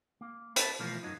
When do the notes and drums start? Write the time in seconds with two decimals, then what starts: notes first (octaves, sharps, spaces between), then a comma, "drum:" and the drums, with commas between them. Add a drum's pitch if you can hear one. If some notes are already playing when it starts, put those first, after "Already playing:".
0.21 A#3
0.56 B4 A5, drum: hi-hat
0.79 B2 E3 F3 A3 A#3
1.03 F#2 F#3 D#4